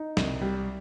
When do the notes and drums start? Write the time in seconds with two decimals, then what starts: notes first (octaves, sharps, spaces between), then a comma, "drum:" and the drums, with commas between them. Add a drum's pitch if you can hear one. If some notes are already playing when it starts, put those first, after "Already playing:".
Already playing: D#4
0.17 C2, drum: snare
0.41 G3